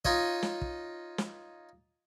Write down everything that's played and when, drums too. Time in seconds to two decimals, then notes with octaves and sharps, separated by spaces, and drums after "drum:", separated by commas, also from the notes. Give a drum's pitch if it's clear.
0.05 D#4 F4 C#5 D#5, drum: kick
0.43 drum: snare
0.61 drum: kick
1.18 drum: snare